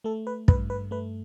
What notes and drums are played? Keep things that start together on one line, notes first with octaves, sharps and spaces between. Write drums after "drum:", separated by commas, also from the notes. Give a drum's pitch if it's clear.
A3 A4
B4
G2 B4, drum: kick
B4
A3 B4